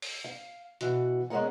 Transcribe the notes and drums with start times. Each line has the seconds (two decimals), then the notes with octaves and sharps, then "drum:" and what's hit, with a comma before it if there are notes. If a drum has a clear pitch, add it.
0.02 drum: open hi-hat
0.24 F5
0.81 B2 E3 F#4, drum: hi-hat
1.30 G#3 B3 C#4 G#4 A#4 F#5